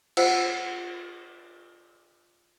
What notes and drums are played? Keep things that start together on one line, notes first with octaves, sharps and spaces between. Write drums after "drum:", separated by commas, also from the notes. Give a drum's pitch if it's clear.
F4 C5 F#5 E6, drum: cymbal